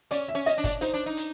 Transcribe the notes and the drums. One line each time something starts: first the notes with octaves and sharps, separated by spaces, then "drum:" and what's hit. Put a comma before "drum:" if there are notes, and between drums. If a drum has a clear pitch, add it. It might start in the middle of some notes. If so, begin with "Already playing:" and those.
C#4 D5, drum: hi-hat
E5
C#4
D#5, drum: hi-hat
D4
D5, drum: kick, hi-hat
D#4 C5, drum: hi-hat
D4
D#4
drum: hi-hat